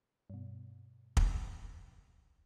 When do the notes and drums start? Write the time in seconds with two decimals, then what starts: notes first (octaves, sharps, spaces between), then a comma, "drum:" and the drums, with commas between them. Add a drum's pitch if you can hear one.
0.30 G2 B2
1.17 drum: kick